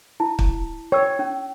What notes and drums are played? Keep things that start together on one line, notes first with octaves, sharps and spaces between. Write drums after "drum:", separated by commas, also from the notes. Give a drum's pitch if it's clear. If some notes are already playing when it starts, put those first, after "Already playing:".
E4 A5
drum: kick
C#5 G5 E6
C#4